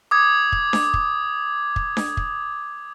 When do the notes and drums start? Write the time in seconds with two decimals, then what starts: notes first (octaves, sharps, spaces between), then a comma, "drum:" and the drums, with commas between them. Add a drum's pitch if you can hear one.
0.11 D6 D#6 G#6
0.52 drum: kick
0.73 drum: snare D4
0.94 drum: kick
1.76 drum: kick
1.97 drum: snare D4
2.17 drum: kick